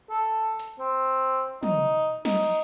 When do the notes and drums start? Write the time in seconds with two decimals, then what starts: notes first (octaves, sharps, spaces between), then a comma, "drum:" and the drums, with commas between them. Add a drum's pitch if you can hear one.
0.10 A4
0.59 drum: hi-hat
0.79 C4
1.63 D#4, drum: tom
2.25 D#4, drum: snare
2.43 drum: cymbal